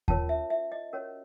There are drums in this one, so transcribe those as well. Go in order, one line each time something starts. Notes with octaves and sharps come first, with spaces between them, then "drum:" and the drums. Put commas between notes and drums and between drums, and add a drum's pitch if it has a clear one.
C#4 F4 A#4 C#5 A5, drum: kick D#2
E5
E5
D#5
C#4 F#4 A#4 C#5